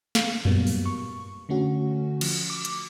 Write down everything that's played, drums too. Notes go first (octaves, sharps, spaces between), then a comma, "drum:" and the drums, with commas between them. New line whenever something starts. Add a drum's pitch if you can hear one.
F5, drum: snare
A#2 F#3 G3 A#3 B3, drum: tom F2
drum: open hi-hat
C#6
D3 A3 C#4 F#4
F3, drum: cymbal
D6
drum: hi-hat